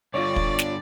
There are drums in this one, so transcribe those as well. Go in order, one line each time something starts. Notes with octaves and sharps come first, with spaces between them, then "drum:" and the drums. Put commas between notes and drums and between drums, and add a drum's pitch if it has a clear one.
G2 D3 F4 C#5 D5 C#6
drum: kick
drum: snare